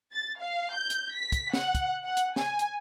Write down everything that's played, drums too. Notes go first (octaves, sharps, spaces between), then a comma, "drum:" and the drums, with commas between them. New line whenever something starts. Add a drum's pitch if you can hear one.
A6
F5
G6
drum: hi-hat
B6
drum: kick, hi-hat
F#5, drum: snare
drum: kick, hi-hat
F#5
drum: hi-hat
G#5, drum: snare
drum: hi-hat